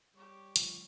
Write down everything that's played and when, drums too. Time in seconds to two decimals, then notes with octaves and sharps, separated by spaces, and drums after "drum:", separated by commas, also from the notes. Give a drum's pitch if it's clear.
0.14 G3 G4 C#5
0.56 D3 F3 G3 A3, drum: hi-hat